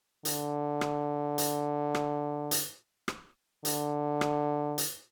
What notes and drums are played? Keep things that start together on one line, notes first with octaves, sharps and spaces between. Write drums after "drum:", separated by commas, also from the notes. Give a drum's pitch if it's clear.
D3, drum: hi-hat
drum: rim click
drum: hi-hat
drum: rim click
drum: hi-hat
drum: rim click
D3, drum: hi-hat
drum: rim click
drum: hi-hat